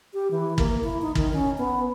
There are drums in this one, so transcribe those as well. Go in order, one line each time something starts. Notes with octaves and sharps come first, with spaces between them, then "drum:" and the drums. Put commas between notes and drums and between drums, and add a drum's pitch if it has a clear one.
G4
E3
A#3, drum: kick
E4
D#4
D#3, drum: kick
C#4
B3